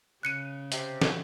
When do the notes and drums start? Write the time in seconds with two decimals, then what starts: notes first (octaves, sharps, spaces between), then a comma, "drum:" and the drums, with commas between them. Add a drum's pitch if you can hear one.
0.23 C#3 F#6 C#7 D#7
0.72 C3, drum: hi-hat
1.01 drum: snare